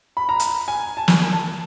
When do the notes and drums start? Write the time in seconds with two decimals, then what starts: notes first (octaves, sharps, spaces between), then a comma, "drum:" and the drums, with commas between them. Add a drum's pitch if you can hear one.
0.17 B5
0.29 A#5
0.40 drum: hi-hat
0.68 G#5
0.97 A5
1.08 G#5, drum: snare
1.33 A5